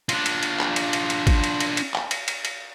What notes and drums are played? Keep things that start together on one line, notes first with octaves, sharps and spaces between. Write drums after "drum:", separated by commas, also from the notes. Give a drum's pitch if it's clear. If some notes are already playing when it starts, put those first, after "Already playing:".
D4 F4, drum: cymbal
drum: cymbal
drum: cymbal
drum: clap
drum: cymbal
drum: cymbal
drum: cymbal
drum: kick, cymbal
drum: cymbal
drum: cymbal
drum: cymbal
drum: clap
drum: cymbal
drum: cymbal
drum: cymbal